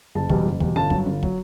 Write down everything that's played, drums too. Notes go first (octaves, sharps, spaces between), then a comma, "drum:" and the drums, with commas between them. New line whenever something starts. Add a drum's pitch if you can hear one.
F#1 A5
E2 B2 G3, drum: kick
F#1
E2 B2 G3, drum: kick
G1 A5
G2 F#3, drum: kick
G1
F#3, drum: kick